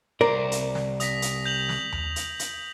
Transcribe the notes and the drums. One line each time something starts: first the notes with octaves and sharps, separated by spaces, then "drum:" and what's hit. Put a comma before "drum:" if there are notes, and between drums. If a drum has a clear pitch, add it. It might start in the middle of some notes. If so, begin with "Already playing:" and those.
C2 A#4 C5 D5
drum: hi-hat
drum: snare
D#6 A#6 B6, drum: hi-hat
drum: hi-hat
G6 F7 F#7
drum: snare
drum: tom D#2
drum: hi-hat
drum: hi-hat